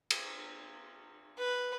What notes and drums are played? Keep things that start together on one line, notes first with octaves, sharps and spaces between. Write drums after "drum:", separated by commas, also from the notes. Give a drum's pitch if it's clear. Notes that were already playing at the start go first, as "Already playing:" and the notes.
drum: cymbal
B4